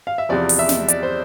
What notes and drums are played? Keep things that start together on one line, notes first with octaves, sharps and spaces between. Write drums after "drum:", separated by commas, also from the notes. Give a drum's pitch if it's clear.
F5
E5
E2 C3 F3 D5
drum: open hi-hat
E5
drum: snare
D5, drum: hi-hat
C5